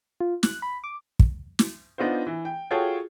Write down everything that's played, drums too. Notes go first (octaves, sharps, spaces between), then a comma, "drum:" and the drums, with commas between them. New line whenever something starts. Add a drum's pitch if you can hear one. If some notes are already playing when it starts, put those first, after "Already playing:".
F4
F#6, drum: snare
B5
D6
drum: kick
drum: snare
B3 D4 D#4 F4 C5
E3
G5
F4 F#4 G#4 A4 C#5 G5